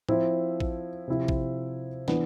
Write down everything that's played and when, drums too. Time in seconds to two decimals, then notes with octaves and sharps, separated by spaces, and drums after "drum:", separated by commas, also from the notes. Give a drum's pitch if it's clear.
0.09 F3 C4 E4, drum: tom A2
0.60 drum: kick
1.08 C3 F3 C4 E4
1.28 drum: kick
2.08 E3 B3 D4, drum: snare